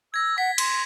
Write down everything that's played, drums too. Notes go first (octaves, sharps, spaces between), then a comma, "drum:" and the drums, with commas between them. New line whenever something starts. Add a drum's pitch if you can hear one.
E6 G#6 A#6
F#5 B6
C6, drum: cymbal